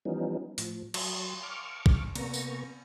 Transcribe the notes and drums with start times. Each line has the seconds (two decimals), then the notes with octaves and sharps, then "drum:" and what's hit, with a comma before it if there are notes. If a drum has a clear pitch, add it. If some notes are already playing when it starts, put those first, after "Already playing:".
0.05 E3 F3 G3 B3 C#4 D#4
0.58 A2 F3, drum: open hi-hat
0.94 F#3, drum: cymbal
1.43 C#6 D6 F6
1.86 drum: kick
2.15 C3 A#3 B3 A#5 C#6, drum: cymbal
2.34 drum: tambourine